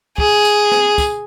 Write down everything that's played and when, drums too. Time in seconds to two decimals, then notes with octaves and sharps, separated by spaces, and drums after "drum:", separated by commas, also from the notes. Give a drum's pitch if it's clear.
0.18 G#4, drum: kick
0.45 drum: tambourine
0.71 drum: snare
0.98 drum: kick, tambourine